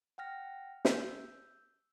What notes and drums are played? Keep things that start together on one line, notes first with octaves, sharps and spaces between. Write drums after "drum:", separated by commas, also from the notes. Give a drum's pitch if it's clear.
F#5 G5 F6 A#6
E6 G6, drum: snare